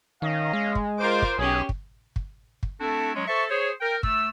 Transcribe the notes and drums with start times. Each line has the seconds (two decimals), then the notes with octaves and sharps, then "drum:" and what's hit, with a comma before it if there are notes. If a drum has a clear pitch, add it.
0.22 D#3 C#4 D#5 F5
0.53 G#3
0.75 drum: kick
0.99 F4 A#4 C5 D6
1.22 drum: kick
1.38 B1 C#4 G4 G#4
1.69 drum: kick
2.16 drum: kick
2.63 drum: kick
2.81 A3 C4 D4 E4 F#4 A4
3.15 F#3 G#3 C#4
3.28 A4 C5 E5 A5 C#6
3.50 G#4 C5 C#5
3.81 A#4 G5
4.03 A3 E6, drum: kick